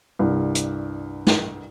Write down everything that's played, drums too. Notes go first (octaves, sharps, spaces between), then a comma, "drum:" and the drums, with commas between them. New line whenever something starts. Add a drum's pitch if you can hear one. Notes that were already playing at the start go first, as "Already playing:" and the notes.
C2 G2
drum: hi-hat
drum: snare